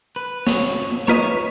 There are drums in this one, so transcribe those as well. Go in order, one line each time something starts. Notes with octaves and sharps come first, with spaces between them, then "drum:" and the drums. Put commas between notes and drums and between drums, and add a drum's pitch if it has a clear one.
B4
C#5, drum: snare
A#3 F4 B4 C#5 D#5